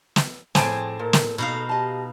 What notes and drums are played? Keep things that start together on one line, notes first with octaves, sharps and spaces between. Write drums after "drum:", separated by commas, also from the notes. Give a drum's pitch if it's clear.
drum: snare
F2 A2 C4 G#4 C5 G#5 A5 D7, drum: snare
A#2 A#4
drum: snare
B2 D#4 A4 F5
G4 D#5 A5